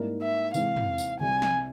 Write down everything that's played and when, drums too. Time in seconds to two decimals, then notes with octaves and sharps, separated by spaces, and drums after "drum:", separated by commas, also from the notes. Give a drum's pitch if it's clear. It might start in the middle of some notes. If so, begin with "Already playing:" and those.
Already playing: G#2 G3 A#3 E4 A#4
0.22 E5
0.54 C3 E3 G#3 C4 F5, drum: tambourine
0.76 drum: tom
0.98 drum: tambourine
1.20 C2 C3 G3 G#5
1.42 drum: snare